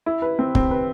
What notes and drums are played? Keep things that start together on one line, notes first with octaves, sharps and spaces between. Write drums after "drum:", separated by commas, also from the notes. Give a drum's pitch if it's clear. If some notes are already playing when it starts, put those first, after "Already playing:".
E4
B4
C4
C4, drum: kick
B4